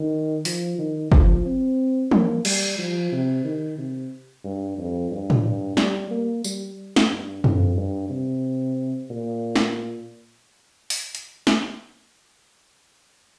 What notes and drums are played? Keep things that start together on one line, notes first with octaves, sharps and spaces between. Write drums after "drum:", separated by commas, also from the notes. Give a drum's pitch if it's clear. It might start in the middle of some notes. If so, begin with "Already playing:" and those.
Already playing: D#3
F3, drum: open hi-hat
D#3
F3, drum: kick
C4
A#3, drum: tom E3
G3, drum: cymbal
F3
C3
D#3
C3
G2
F2
G2
drum: tom A2
G2
G3, drum: snare
A#3
G3, drum: tambourine
drum: snare
G2
F2, drum: tom F#2
G2
C3
A#2
drum: snare
drum: open hi-hat
drum: hi-hat
drum: snare